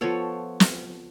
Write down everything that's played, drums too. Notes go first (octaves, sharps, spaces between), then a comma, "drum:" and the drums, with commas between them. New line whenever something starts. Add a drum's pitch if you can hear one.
F3 B3 A4 C#5
drum: snare